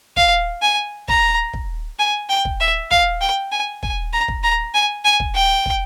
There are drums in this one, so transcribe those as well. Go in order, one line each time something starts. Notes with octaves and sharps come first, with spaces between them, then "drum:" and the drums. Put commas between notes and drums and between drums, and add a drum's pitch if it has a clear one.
F5, drum: kick
G#5
A#5, drum: kick
drum: kick
G#5
G5
drum: kick
E5
F5, drum: kick
G5
G#5
G#5, drum: kick
A#5
drum: kick
A#5
G#5
G#5
drum: kick
G5
drum: kick